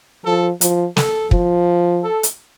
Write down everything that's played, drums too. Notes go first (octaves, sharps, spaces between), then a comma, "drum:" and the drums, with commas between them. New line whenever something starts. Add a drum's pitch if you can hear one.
F3 A4
F3, drum: hi-hat
A4, drum: snare
F3, drum: kick
A4
drum: hi-hat